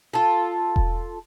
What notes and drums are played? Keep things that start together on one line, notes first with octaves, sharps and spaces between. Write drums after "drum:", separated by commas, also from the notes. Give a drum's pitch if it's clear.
F4 A4
drum: kick E1